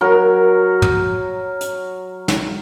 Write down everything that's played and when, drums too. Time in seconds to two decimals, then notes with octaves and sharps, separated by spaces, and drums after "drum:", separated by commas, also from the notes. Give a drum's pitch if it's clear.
0.01 F#3 A#4
0.82 drum: tom
1.61 drum: hi-hat
2.28 drum: snare